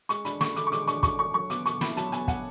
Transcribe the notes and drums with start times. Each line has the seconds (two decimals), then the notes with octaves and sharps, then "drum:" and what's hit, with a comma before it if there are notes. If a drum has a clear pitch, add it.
0.09 G#3 C#6, drum: hi-hat
0.25 D4 B5, drum: hi-hat
0.41 D3 C#6, drum: snare
0.56 D3 D6, drum: hi-hat
0.67 C#6
0.72 G#3 D6, drum: hi-hat
0.87 D4 C#6, drum: hi-hat
1.03 D3 C#6, drum: kick, hi-hat
1.18 D3 C#6
1.34 F#3 C#6
1.50 B3 D6, drum: hi-hat
1.66 B2 C#6, drum: hi-hat
1.81 E4 B5, drum: snare
1.97 F#3 A5, drum: hi-hat
2.12 B3 G#5, drum: hi-hat
2.28 B2 F#5, drum: kick, hi-hat